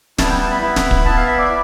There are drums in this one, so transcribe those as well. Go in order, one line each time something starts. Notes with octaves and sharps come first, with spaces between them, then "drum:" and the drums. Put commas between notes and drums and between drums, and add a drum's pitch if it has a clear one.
G3 B3 E4 A5, drum: snare
G5
A5
B5
B3 E4
drum: snare
drum: kick
B3 E4 A5
F5
E5
D5